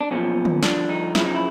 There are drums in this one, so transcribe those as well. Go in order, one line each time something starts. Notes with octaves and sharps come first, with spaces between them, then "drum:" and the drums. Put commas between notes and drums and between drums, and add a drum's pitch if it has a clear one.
D4
B1 A#2 F3 C#4
drum: tom D3
G2 D3 F3 D4, drum: snare
D#4
F#2 C#3 F3 E4, drum: snare
D#4
E4